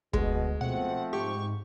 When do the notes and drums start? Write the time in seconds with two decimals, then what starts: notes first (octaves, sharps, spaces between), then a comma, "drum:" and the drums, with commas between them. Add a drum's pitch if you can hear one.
0.13 D2 B2 G#3, drum: kick
0.61 B2 F3 A3 C4 F#5
1.13 G#2 G4 C#6